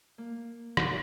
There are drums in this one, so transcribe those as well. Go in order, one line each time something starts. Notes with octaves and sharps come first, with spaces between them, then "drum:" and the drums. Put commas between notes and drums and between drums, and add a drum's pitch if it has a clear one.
A#3
drum: rim click